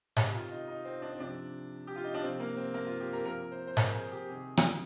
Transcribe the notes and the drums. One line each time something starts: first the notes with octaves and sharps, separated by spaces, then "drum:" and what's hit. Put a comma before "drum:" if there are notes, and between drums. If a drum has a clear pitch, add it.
C3 D#3 G4, drum: snare G#2
F4
D#4
D#4
C4
D4
C4
C3 F3 D4
G4
F4
D#4
D4
C3 F3 C4
A#3
C4
A#3
F4
G4
A#4
C3 F3 A#4
C5
C5
A#4, drum: snare G#2
G#4
G4
C3 D#3 G#4
drum: rim click